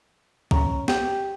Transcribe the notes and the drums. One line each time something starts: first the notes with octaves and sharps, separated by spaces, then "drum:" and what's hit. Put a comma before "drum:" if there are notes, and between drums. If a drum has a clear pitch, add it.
C#4 A#5, drum: kick
G4, drum: snare